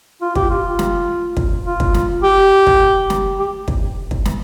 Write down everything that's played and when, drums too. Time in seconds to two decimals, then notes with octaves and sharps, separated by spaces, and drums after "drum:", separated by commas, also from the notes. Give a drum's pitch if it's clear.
0.21 F4
0.35 G4, drum: kick
0.50 F4
0.79 drum: snare
1.37 drum: kick
1.66 F4
1.80 drum: kick
1.94 drum: snare
2.23 G4
2.67 drum: kick
3.10 drum: snare
3.39 G4
3.68 drum: kick
4.11 drum: kick
4.25 drum: snare